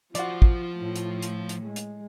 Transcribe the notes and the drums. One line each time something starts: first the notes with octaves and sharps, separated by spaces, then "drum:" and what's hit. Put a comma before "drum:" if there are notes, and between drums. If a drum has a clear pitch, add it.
F3 F4 F#4 C5 D5, drum: hi-hat
drum: kick
A2 A3
drum: hi-hat
drum: hi-hat
drum: hi-hat
G#3
drum: hi-hat